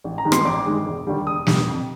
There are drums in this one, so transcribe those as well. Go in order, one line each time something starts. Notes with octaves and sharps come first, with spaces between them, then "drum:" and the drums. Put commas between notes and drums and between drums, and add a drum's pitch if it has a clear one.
A1
A#5
G2 D#3 G#3
C6, drum: rim click
A1 D6
G2 D#3 G#3
E1
D#2 D3 G3
E1 D#6
D#2 D3 G3, drum: snare
F2